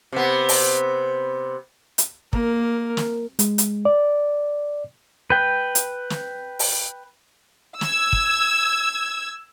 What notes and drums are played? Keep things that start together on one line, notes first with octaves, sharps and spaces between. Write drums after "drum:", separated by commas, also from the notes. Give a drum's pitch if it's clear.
C3 B3
drum: open hi-hat
drum: hi-hat
A#3 A#4, drum: kick
drum: snare
G#3, drum: hi-hat
drum: hi-hat
D5
B4 G5
drum: hi-hat
drum: snare
drum: open hi-hat
E6 G#6, drum: snare
drum: kick